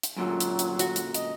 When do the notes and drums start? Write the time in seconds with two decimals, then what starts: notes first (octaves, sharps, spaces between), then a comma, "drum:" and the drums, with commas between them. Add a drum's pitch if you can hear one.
0.03 drum: hi-hat
0.16 F#2 A#2 D3 F#3
0.40 drum: hi-hat
0.59 drum: hi-hat
0.79 F#4, drum: hi-hat
0.96 drum: hi-hat
1.14 D#5, drum: hi-hat